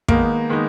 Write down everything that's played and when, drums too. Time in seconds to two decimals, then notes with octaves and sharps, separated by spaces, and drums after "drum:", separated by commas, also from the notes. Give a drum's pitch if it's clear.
0.08 D#3 G#3 A#3 B3 D#4, drum: kick
0.50 D#3 G#3 B3 D#4